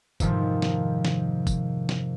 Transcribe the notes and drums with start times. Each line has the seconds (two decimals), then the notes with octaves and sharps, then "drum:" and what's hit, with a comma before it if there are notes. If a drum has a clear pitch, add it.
0.20 F2 G#2 C3 D#3 F3, drum: kick, tambourine
0.62 drum: snare
1.05 drum: snare
1.47 drum: kick, tambourine
1.89 drum: snare